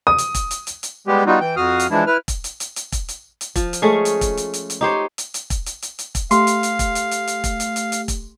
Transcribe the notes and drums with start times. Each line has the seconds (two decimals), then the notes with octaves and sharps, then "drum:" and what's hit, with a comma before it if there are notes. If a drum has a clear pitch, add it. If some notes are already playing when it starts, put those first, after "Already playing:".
0.07 D#6
0.18 drum: hi-hat
0.35 drum: kick E1, hi-hat
0.51 drum: hi-hat
0.67 drum: hi-hat
0.83 drum: hi-hat
1.07 G3 G#3 B3 G4
1.26 G3 B3 D#4 F4 F#4
1.40 E3 G5
1.56 F2 F#4 F5 D#6 F6
1.80 drum: hi-hat
1.90 E3 F3 G#3 D4 E4
2.07 E4 B4 F6
2.28 drum: kick E1, hi-hat
2.44 drum: hi-hat
2.60 drum: hi-hat
2.76 drum: hi-hat
2.92 drum: kick E1, hi-hat
3.08 drum: hi-hat
3.41 drum: hi-hat
3.56 F3, drum: kick E1, hi-hat
3.73 drum: hi-hat
3.82 G#3 A3 C#4 G#4
4.05 drum: hi-hat
4.21 drum: kick E1, hi-hat
4.37 drum: hi-hat
4.54 drum: hi-hat
4.70 drum: hi-hat
4.81 D#4 G4 C5 C#5
5.18 drum: hi-hat
5.34 drum: hi-hat
5.50 drum: kick E1, hi-hat
5.66 drum: hi-hat
5.82 drum: hi-hat
5.99 drum: hi-hat
6.15 drum: kick E1, hi-hat
6.31 A3 G4 F5 C6, drum: hi-hat
6.47 drum: hi-hat
6.63 drum: hi-hat
6.79 drum: kick E1, hi-hat
6.95 drum: hi-hat
7.11 drum: hi-hat
7.28 drum: hi-hat
7.44 drum: kick E1, hi-hat
7.60 drum: hi-hat
7.76 drum: hi-hat
7.92 drum: hi-hat
8.08 drum: kick E1, hi-hat